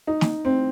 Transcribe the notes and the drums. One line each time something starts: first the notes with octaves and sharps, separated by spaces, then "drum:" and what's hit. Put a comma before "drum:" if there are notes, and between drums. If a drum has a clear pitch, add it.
D#4
drum: snare
C4